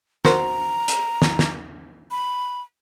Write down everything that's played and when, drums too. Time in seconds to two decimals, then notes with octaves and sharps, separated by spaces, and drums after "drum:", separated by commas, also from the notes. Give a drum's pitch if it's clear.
0.25 F#4 A#4 C5 A#5, drum: snare
0.88 drum: hi-hat
1.22 drum: snare
1.39 drum: snare
2.11 B5